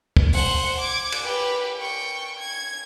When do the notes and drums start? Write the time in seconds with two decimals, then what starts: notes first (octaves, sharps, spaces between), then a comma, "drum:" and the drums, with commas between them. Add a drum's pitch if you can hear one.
0.17 drum: kick
0.33 C5 F#5, drum: open hi-hat
0.78 D6 G#6
1.12 drum: cymbal
1.22 G4 B4
1.81 G5 C#6
2.39 G#6